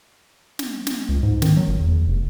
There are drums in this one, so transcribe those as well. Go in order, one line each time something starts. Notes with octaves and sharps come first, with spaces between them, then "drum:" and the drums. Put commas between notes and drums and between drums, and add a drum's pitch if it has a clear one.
drum: snare
drum: snare
C#2
G#2
D#3, drum: snare
F#3
G1
E2
F1